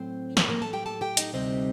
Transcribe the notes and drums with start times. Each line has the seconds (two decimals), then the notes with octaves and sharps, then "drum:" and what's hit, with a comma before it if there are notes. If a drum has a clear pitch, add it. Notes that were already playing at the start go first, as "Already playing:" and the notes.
Already playing: A2 F#3 C4 C5
0.37 A#3 A#4, drum: snare
0.49 A#3 A#4
0.62 A4 A5
0.73 G4 G5
0.86 A4 A5
1.01 G4 G5
1.17 D#4 D#5, drum: hi-hat
1.33 D2 C3 G3 C4 D#4 D#5